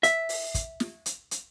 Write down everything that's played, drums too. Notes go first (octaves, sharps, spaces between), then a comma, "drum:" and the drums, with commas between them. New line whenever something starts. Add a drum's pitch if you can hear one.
E5, drum: hi-hat
drum: open hi-hat
drum: kick, hi-hat
drum: snare
drum: hi-hat
drum: hi-hat